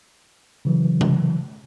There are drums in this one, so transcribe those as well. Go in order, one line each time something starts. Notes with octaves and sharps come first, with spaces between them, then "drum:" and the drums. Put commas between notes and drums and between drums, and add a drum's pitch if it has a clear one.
C#3 E3 F#3
drum: tom C3